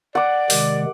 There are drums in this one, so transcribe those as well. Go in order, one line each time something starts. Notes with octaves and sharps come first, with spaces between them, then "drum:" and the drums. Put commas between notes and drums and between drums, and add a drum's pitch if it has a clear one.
D5 F#5 D6
C3 D#3 G#3, drum: open hi-hat